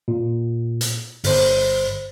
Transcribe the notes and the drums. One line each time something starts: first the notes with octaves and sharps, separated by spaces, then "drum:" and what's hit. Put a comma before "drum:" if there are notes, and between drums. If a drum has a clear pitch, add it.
A#2
drum: hi-hat
G1 C5, drum: open hi-hat